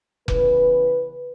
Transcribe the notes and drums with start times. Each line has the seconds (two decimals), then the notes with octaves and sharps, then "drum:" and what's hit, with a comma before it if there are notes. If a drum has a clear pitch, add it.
0.28 C#3 E3 B3 B4, drum: kick F1